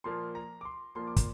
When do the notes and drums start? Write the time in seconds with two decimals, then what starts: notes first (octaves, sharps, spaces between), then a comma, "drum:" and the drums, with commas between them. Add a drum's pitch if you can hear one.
0.04 A#2 F3 A#3 C6
0.35 A#5
0.61 D6
0.65 C6
0.95 A#2 F3 A#3 C6
1.07 D6
1.16 C6, drum: kick, hi-hat